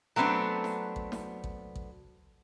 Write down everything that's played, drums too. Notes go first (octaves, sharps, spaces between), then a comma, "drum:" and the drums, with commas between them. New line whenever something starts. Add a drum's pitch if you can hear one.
F#3 A3 B3 C4 D4
drum: snare
drum: kick A1
drum: snare
drum: kick A1
drum: kick A1